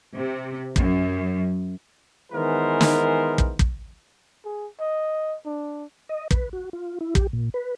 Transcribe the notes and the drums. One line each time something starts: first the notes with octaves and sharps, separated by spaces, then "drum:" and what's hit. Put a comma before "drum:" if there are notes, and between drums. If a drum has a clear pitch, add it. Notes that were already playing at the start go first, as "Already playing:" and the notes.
C3
F#2, drum: kick
D#3 E3 G#3 B3 A#4 C5
drum: snare
drum: kick
drum: kick
G#4
D#5
D4
D#5
B4, drum: kick
F#4
F4
E4
G4, drum: kick
A#2
B4